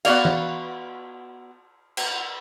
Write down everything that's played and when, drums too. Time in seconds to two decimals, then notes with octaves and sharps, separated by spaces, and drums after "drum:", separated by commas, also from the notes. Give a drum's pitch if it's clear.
0.05 B3 F#4 D5 F5, drum: cymbal
0.25 drum: tom E3
1.97 drum: cymbal